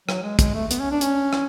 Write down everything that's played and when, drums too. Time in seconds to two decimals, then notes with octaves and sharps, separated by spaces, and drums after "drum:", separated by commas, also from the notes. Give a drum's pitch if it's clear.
0.09 F#3, drum: rim click
0.23 G#3
0.39 G#3, drum: kick, hi-hat
0.54 A3
0.71 B3, drum: hi-hat
0.80 C#4
0.91 D4
1.01 C#4, drum: hi-hat
1.33 drum: rim click